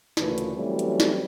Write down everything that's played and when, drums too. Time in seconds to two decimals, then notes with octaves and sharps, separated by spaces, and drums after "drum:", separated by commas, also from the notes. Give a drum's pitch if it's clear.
0.17 D2 A#2 C#3 E3 A3 B4, drum: snare
0.38 drum: hi-hat
0.55 E3 F#3 G3 A3 C4 C#4
0.79 drum: hi-hat
1.00 drum: snare